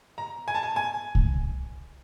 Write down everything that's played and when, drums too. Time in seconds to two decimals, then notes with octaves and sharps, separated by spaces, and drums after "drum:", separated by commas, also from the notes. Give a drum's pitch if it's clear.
0.18 A#5
0.48 G#5
0.55 A5
0.63 G#5
0.76 G#5
1.15 drum: kick C2